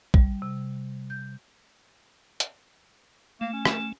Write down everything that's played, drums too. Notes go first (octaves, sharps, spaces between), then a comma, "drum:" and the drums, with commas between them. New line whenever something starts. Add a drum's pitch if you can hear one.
G3, drum: kick
C3
G6
drum: hi-hat
A3 A#3
C#4
drum: rim click